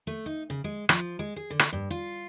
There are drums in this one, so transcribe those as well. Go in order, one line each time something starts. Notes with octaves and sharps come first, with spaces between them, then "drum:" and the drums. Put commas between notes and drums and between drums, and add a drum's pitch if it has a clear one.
A3
D#4
C#3
G#3
F3, drum: rim click
G#3
G#4
D3
drum: rim click
G2
F4